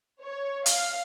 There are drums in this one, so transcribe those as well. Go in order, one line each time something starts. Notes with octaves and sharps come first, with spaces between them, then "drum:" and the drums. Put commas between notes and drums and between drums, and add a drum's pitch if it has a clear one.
C#5
F5, drum: hi-hat